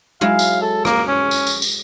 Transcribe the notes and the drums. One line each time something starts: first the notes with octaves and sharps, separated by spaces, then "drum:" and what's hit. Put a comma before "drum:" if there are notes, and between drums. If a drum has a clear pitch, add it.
F#3 G#3 E4 F5
drum: tambourine
A4
A#3, drum: rim click
C#4
drum: tambourine
drum: tambourine
drum: tambourine